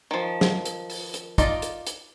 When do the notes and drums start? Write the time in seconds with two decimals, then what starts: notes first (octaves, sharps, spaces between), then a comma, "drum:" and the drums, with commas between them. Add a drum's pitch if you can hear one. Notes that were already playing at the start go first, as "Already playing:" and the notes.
0.11 D#3 F3
0.41 drum: snare
0.65 drum: hi-hat
0.90 drum: open hi-hat
1.14 drum: hi-hat
1.38 D#4 F4 D5 D#5, drum: kick, hi-hat
1.62 drum: hi-hat
1.87 drum: hi-hat